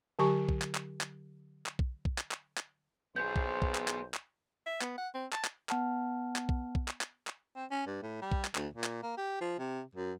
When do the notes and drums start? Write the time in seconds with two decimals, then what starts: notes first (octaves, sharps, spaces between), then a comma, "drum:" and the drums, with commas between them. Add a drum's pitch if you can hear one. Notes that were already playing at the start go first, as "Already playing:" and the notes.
0.19 D3 F#3 G4 G#5 C#6
0.49 drum: kick B1
0.62 drum: clap
0.75 drum: clap
1.01 drum: clap
1.66 drum: clap
1.79 drum: kick B1
2.05 drum: kick B1
2.18 drum: clap
2.31 drum: clap
2.57 drum: clap
3.16 B1 B3 G#4 C5 G6
3.36 drum: kick B1
3.62 drum: kick B1
3.75 drum: clap
3.88 drum: clap
4.14 drum: clap
4.66 E5
4.81 B3, drum: clap
4.98 F#5
5.14 C4
5.32 A5, drum: clap
5.44 drum: clap
5.69 B3 F#5 A5 F6, drum: clap
6.36 drum: clap
6.49 drum: kick B1
6.75 drum: kick B1
6.88 drum: clap
7.01 drum: clap
7.27 drum: clap
7.56 C4
7.71 C#4
7.86 G2
8.02 A2
8.22 G3
8.32 drum: kick B1
8.45 drum: clap
8.55 D2, drum: clap
8.74 A#2
8.84 drum: clap
9.03 A#3
9.18 G4
9.41 F3
9.59 C3
9.95 F#2